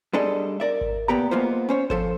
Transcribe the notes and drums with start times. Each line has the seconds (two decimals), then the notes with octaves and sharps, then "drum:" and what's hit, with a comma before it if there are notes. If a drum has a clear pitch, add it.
0.13 G3 G#3 D4 A4 D#5
0.60 A#4 D5 E5
0.81 drum: kick G#1
1.08 A#2 B3 G4 A#5
1.31 G#3 A#3 B3 F4 C5
1.69 C#4 C5 C#5
1.90 F3 A4 C5, drum: kick G#1